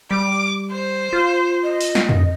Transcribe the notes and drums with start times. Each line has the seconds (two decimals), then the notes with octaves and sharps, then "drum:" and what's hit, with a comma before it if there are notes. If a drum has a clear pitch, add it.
0.11 G3 D6
0.72 C5
1.13 F4
1.64 D#5
1.81 drum: open hi-hat
1.95 drum: snare
2.09 drum: tom F2